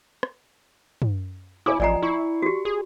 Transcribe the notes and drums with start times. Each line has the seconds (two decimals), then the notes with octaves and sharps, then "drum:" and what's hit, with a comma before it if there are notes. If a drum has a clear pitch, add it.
0.23 drum: rim click
1.02 drum: tom
1.66 E4 C#5 G#5 D6
1.80 A1 F3 D5 D#5 G#5 A#5 C7
2.02 E4 C#6
2.42 F#4 G4
2.65 G#4